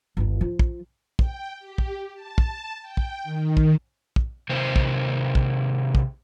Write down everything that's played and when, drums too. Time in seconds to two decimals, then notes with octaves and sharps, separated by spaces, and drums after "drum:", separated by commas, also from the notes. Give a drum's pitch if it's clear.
0.17 G1 D#2
0.41 F3 F4
0.59 drum: kick
1.19 G5, drum: kick
1.59 G4
1.78 drum: kick
2.14 A5
2.38 drum: kick
2.81 G5
2.97 drum: kick
3.24 D#3
3.57 drum: kick
4.16 drum: kick
4.50 C3 D#3 A#3 C5
4.76 drum: kick
5.35 drum: kick
5.95 drum: kick